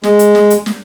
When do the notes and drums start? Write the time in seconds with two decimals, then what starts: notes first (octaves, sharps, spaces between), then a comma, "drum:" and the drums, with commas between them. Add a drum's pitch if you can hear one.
0.03 G#3, drum: snare
0.19 drum: hi-hat
0.35 drum: snare
0.50 drum: hi-hat
0.66 drum: snare